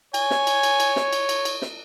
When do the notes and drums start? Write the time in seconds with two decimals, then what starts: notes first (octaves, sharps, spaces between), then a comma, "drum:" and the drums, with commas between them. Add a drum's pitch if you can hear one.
0.14 C#5 G#5, drum: cymbal
0.31 drum: snare
0.47 drum: cymbal
0.63 drum: cymbal
0.80 drum: cymbal
0.96 drum: snare
1.13 drum: cymbal
1.29 drum: cymbal
1.45 drum: cymbal
1.62 drum: snare